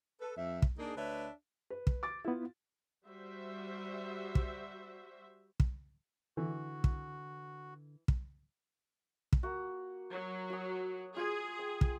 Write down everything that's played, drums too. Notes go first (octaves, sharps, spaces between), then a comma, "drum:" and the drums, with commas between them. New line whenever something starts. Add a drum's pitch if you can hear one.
A4 B4
F2 E5
drum: kick
A#3 D4 D#4 G#4
D2 D4 B4 C#5 D#5 E5
B4
drum: kick
D6 A6
B3 E4 F4
G3 F#4 C5 E5
drum: kick
drum: kick
D3 E3 F#4
drum: kick
drum: kick
drum: kick
A#3 F#4
F#3
F#4 D#6
F4 G#4
G5
drum: kick